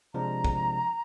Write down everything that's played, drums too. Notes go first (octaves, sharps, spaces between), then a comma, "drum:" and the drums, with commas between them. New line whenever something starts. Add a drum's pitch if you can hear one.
C3 F3 G#3 D4 A#5
drum: kick